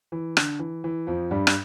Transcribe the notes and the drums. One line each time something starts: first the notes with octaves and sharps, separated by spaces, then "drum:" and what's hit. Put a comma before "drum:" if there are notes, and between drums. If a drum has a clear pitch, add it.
E3
D3, drum: rim click
E3
E3
F2 F3
G2 G3
drum: rim click